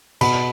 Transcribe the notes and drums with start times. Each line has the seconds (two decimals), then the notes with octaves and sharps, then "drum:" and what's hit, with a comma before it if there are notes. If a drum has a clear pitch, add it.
0.21 B2 B5, drum: cymbal